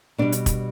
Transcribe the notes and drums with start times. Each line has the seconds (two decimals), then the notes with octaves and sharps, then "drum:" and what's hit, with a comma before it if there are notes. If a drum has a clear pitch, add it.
0.18 B2 G3 D4
0.32 drum: hi-hat
0.46 drum: kick, hi-hat